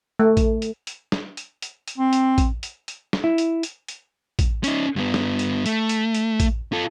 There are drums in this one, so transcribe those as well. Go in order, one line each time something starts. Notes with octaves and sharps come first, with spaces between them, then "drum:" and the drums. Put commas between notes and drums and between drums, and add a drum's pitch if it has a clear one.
A3
drum: kick A1, hi-hat
drum: hi-hat
drum: hi-hat
drum: snare
drum: hi-hat
drum: hi-hat
drum: hi-hat
C4
drum: hi-hat
drum: kick A1, hi-hat
drum: hi-hat
drum: hi-hat
drum: snare
E4
drum: hi-hat
drum: hi-hat
drum: hi-hat
drum: kick A1, hi-hat
C#4 D#4, drum: hi-hat
G2 B3
drum: snare
drum: hi-hat
A3, drum: hi-hat
drum: hi-hat
drum: hi-hat
drum: kick A1, hi-hat
F4 A4